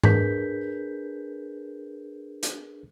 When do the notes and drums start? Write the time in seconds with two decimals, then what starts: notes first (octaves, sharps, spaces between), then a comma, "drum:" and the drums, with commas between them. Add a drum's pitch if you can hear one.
0.03 D4 G#4 A#4 B4 G6 B6, drum: tom G#2
2.43 drum: hi-hat